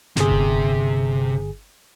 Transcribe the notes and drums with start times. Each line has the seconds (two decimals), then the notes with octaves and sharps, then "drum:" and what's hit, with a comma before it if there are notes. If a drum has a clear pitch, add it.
0.16 G1 C3 G#4, drum: snare
0.31 drum: kick F1